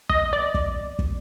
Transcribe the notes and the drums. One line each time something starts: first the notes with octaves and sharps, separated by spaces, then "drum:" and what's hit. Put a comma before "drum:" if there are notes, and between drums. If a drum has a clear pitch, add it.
D#5, drum: kick
D5
drum: kick
drum: kick